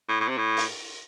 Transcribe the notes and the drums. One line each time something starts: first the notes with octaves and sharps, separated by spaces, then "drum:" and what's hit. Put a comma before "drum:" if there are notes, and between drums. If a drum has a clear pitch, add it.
A2
A2
C3
A2
drum: open hi-hat